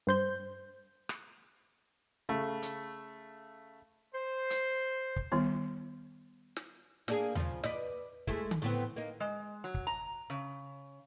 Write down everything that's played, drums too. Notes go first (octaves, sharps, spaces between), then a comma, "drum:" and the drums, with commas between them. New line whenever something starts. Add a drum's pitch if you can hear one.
G2 C5 G6
drum: rim click
C#3 A3
drum: hi-hat
C5
drum: hi-hat
drum: kick
D#3 G3 B3 E4
drum: snare
A#3 D4 G#4, drum: snare
C#3 F3, drum: tom D#2
B4 D5 D#5, drum: snare
G#3 A3 E4, drum: kick
drum: tom D3
A2 B3 C4
A#3 D#4
G#3
F#3
drum: kick
A#5
C#3